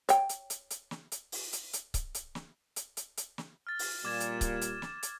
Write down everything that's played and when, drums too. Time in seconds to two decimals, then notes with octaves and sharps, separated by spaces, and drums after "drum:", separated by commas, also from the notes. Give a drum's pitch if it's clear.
0.09 C#5 G5, drum: hi-hat
0.29 drum: hi-hat
0.50 drum: hi-hat
0.70 drum: hi-hat
0.91 drum: snare
1.12 drum: hi-hat
1.32 drum: open hi-hat
1.53 drum: hi-hat
1.73 drum: hi-hat
1.94 drum: kick C#1, hi-hat
2.14 drum: hi-hat
2.35 drum: snare
2.76 drum: hi-hat
2.97 drum: hi-hat
3.17 drum: hi-hat
3.38 drum: snare
3.67 F6 A6
3.79 drum: open hi-hat
4.05 A#2 G3 D6 G#6 E7
4.20 drum: hi-hat
4.41 drum: kick C#1, hi-hat
4.61 drum: hi-hat
4.82 drum: snare
5.03 drum: hi-hat